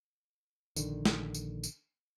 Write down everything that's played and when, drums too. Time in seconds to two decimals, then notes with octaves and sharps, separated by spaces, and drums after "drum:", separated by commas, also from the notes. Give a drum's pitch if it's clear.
0.76 A#1 D3 D#3, drum: tambourine
1.05 drum: snare
1.34 drum: tambourine
1.63 drum: tambourine